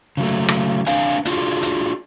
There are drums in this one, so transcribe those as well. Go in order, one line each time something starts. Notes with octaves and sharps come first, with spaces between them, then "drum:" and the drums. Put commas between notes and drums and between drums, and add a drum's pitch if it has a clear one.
C#3 F#3 A3
drum: rim click
C4 D4 B4 F5 G#5, drum: hi-hat
D4 F4 F#4 G#4, drum: hi-hat
drum: hi-hat